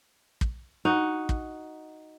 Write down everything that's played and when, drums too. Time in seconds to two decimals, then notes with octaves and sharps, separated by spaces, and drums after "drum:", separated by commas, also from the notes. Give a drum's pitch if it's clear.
0.41 drum: kick
0.85 D#4 F#4 F#5
1.29 drum: kick